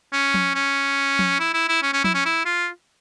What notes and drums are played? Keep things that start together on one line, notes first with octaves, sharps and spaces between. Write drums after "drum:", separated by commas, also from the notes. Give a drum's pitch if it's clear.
C#4
drum: tom F3
C#4
drum: tom F3
E4
E4
E4
C#4
C#4
E4, drum: tom F3
C#4
E4
F4